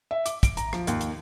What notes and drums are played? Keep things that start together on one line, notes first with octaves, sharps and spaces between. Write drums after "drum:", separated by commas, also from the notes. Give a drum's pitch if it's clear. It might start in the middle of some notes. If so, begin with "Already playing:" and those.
E5
D6, drum: hi-hat
D7, drum: kick, hi-hat
A#5, drum: hi-hat
F3, drum: rim click
D#2, drum: hi-hat
drum: hi-hat